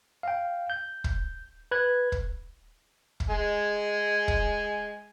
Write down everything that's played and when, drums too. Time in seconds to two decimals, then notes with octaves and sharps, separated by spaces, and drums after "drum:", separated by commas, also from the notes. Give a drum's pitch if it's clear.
0.23 F5 G5
0.70 G6
1.04 drum: kick
1.71 B4 F#6 G#6
2.12 drum: kick
3.20 drum: kick
3.30 G#3 G#5
4.28 drum: kick